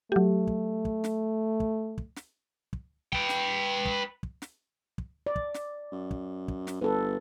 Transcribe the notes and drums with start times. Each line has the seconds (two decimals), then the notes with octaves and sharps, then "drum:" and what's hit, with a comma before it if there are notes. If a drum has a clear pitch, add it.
0.12 F#3 A3 G4
0.47 drum: kick
0.85 drum: kick
1.04 drum: snare
1.60 drum: kick
1.98 drum: kick
2.16 drum: snare
2.73 drum: kick
3.13 B4 G5, drum: kick
3.29 drum: snare
3.85 drum: kick
4.23 drum: kick
4.42 drum: snare
4.98 drum: kick
5.26 D5
5.36 drum: kick
5.54 drum: snare
5.92 F#2
6.11 drum: kick
6.48 drum: kick
6.67 drum: snare
6.81 G1 A4 B4